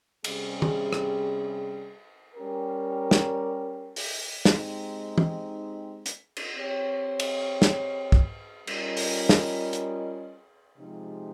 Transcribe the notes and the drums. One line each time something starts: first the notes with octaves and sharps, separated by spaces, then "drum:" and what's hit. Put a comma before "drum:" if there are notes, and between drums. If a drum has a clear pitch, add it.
C3 G3 C#4 G#4, drum: cymbal
drum: tom
drum: rim click
G3 C#4 G4 A#4
drum: snare
drum: open hi-hat
G#3 C4 D#4 G4, drum: snare
drum: tom
drum: hi-hat
drum: cymbal
C4 G4 C#5
drum: cymbal
drum: snare
drum: kick
G3 C#4 F4 A#4 D#5, drum: cymbal
drum: open hi-hat
drum: snare
drum: hi-hat
C3 F3 G#3 D#4 G4